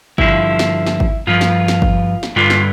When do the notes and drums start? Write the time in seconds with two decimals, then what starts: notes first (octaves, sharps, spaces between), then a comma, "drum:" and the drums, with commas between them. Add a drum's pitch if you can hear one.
0.18 G2 D3 F3 E4, drum: kick G#1
0.59 drum: snare
0.87 drum: snare
1.00 drum: kick G#1
1.27 G2 F3 F4
1.41 drum: snare
1.68 drum: snare
1.82 drum: kick G#1
2.23 drum: snare
2.36 G2 D3 G3 F4
2.50 drum: snare